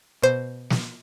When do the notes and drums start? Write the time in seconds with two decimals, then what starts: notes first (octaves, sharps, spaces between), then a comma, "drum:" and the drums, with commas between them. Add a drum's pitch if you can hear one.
0.22 B2 C5
0.70 drum: snare